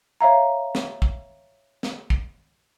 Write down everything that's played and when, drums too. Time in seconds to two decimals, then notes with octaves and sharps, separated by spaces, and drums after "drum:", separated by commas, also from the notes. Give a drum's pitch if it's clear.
0.21 C#5 E5 F5 A#5
0.75 drum: snare
1.02 drum: kick
1.83 drum: snare
2.10 drum: kick